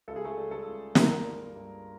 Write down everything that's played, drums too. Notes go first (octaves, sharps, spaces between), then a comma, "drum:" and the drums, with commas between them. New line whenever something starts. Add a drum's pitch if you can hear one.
C#2 A4
G#4
A3 A4
G3
A3 A4
C#2
G2 A#3 A#4, drum: snare
G3
G2